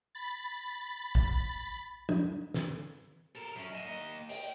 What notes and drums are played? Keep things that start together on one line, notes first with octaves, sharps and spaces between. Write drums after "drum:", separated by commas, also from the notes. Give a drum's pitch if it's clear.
B5 A6
drum: kick
drum: tom
drum: snare
A4 A#4
F#2 C#4
D#5 E5
A#3 D#5
G5, drum: open hi-hat